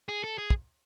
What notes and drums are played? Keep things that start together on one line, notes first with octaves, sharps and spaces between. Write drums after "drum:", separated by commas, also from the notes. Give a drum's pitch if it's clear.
G#4
A4
G#4
drum: kick